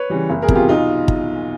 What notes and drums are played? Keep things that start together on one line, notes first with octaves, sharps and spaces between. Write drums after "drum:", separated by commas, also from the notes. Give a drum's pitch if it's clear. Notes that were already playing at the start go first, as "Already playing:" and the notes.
Already playing: B4 C#5
C#3 E3 G3
F#1
G#4 A#4
E2 C3 E3 G3, drum: kick
F4 G4
B1 D#4 F4
drum: kick